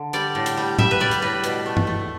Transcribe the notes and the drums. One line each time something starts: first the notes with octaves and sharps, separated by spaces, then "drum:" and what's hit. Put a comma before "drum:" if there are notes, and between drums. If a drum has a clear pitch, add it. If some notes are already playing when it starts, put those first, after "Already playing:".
Already playing: D3
G3 D5, drum: hi-hat
A2
drum: hi-hat
G3
G3 E5, drum: tom A2
B4
G3 D5
drum: hi-hat
A2 B4
B2, drum: hi-hat
A3
drum: tom
A3